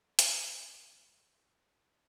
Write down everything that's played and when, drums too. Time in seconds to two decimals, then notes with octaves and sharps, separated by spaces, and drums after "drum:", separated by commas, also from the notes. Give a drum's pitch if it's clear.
0.19 F2 D#3 F#3 C4, drum: hi-hat